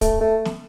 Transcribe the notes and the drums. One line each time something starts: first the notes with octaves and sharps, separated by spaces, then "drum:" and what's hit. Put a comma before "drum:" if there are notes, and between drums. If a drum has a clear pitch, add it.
A3, drum: kick, hi-hat
A3
drum: snare